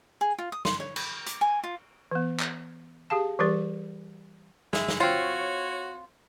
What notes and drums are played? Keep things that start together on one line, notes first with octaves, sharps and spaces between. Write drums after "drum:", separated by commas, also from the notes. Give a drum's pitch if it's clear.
G#4
F4
D#6
C6, drum: snare
C#5
B5, drum: cymbal
D6, drum: hi-hat
G#5
F4
E3 B3
drum: clap
G4 G#4 F5 A5
E3 G3 G4 A#4 D5
G#3 E5, drum: snare
drum: snare
C4 F4 F#4 C#5